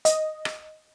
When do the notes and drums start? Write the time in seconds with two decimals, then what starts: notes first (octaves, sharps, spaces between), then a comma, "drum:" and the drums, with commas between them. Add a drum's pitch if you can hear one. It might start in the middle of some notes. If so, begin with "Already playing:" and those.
0.05 D#5, drum: hi-hat
0.45 drum: rim click